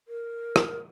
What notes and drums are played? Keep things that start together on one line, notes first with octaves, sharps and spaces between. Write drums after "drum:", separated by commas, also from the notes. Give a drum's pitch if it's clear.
A#4
drum: rim click